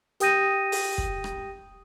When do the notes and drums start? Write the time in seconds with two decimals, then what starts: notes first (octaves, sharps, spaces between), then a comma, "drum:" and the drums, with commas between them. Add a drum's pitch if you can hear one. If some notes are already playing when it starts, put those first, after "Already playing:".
0.20 G4 G5 D#6 G6 A#6 D#7, drum: hi-hat
0.72 drum: open hi-hat
0.98 drum: kick
1.24 drum: rim click